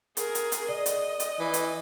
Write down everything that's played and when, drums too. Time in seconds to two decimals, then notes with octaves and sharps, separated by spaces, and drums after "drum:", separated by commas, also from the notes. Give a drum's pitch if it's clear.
0.17 G#4 A#4, drum: hi-hat
0.35 drum: hi-hat
0.52 drum: hi-hat
0.69 D5 D#5
0.86 drum: hi-hat
1.20 drum: hi-hat
1.40 E3
1.54 drum: hi-hat